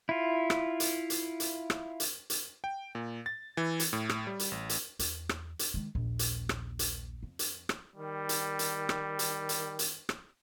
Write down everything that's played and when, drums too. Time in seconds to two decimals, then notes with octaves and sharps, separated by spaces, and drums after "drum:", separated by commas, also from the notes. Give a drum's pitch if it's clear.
0.09 E4 F4
0.50 drum: rim click
0.80 drum: hi-hat
1.10 drum: hi-hat
1.40 drum: hi-hat
1.70 drum: rim click
2.00 drum: hi-hat
2.30 drum: hi-hat
2.64 G5
2.95 A#2
3.26 A6
3.57 E3
3.80 drum: hi-hat
3.93 A2
4.09 drum: rim click
4.27 G3
4.39 drum: hi-hat
4.51 A1
4.69 drum: hi-hat
4.99 E2, drum: hi-hat
5.29 drum: rim click
5.59 drum: hi-hat
5.74 D#3 G#3
5.95 A#1 D#2
6.19 drum: hi-hat
6.49 drum: rim click
6.79 drum: hi-hat
7.23 F2
7.39 drum: hi-hat
7.69 drum: rim click
7.96 D#3 G3
8.29 drum: hi-hat
8.59 drum: hi-hat
8.89 drum: rim click
9.19 drum: hi-hat
9.49 drum: hi-hat
9.79 drum: hi-hat
10.09 drum: rim click